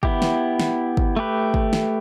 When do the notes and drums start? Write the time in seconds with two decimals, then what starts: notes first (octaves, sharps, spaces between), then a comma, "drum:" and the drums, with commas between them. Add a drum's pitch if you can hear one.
0.03 B3 E4 G4, drum: kick
0.22 drum: snare
0.60 drum: snare
0.97 drum: kick
1.16 A3 G4 B4
1.54 drum: kick
1.73 drum: snare